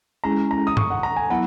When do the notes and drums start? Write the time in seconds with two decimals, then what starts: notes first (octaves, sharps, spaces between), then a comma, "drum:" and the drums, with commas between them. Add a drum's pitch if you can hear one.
0.24 G#3 C#4 E4 G#4 A#5
0.51 A#5
0.67 D#6
0.77 C#6, drum: tom G2
0.90 F#5
1.03 A#5
1.16 G#5
1.30 F#3 B3 E4 F#5